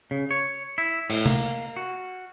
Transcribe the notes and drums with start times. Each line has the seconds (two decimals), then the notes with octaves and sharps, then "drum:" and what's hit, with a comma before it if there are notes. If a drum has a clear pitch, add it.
0.11 C#3
0.31 C#5
0.78 E4
1.10 A2, drum: cymbal
1.26 A#3, drum: tom
1.76 F#4